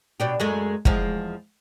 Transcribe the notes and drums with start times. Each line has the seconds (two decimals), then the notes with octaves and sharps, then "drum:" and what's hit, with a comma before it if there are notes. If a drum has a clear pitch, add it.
0.20 B2 D4 G4
0.40 F#2 G#3 A3
0.85 E2 F3 G#3, drum: kick